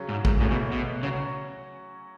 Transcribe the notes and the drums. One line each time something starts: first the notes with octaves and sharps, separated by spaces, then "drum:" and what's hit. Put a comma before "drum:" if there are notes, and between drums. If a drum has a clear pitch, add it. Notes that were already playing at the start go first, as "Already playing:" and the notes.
Already playing: C#3 F#3 C#4
G#2
G#2, drum: kick
A2 C#3 E3 A3 C#4 F#4
B2
B2
C#3 F#3 C#4 F#4